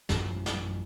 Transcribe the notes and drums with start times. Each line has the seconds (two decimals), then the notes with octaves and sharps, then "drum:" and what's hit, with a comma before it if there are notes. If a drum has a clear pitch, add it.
0.09 A1 F#2 B2 F3, drum: snare
0.46 drum: snare